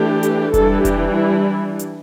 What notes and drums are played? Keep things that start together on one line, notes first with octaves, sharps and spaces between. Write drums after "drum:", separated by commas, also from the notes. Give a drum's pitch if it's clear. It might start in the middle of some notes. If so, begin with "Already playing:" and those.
Already playing: E3 A3 D4 G4
drum: hi-hat
E3 G3 D4 A4, drum: kick F1, hi-hat
G4, drum: kick F1, hi-hat
E4
drum: hi-hat